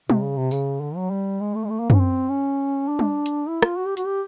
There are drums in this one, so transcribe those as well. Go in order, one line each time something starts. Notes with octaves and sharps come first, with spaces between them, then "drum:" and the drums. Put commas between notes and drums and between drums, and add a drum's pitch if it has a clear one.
C3, drum: tom G3
C#3
C3
C#3, drum: tambourine
D3
F#3
G3
G#3
A3
G#3
A3
A#3
A#3, drum: tom F#2
C#4
C4
C#4
D4
drum: tom G3
drum: hi-hat
E4
F4, drum: rim click
F#4
G4
F#4, drum: hi-hat
G4